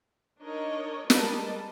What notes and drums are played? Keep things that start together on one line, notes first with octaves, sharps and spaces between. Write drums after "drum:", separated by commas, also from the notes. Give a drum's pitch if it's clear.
D4 D#4 A#4 C#5 D#5
G3 G#3 A#4 B4 D#5 A5, drum: snare